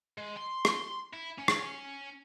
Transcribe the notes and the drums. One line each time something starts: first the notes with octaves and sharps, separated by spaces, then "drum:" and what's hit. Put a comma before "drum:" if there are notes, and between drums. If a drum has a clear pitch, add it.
G#3
C6
drum: rim click
E4
C#4
drum: rim click